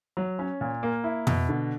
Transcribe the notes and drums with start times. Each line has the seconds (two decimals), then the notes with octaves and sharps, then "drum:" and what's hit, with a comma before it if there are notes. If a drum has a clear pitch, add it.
0.17 F#3
0.39 C#4
0.61 A#2
0.83 A#3
1.04 E4
1.27 B2, drum: tom F2
1.49 D3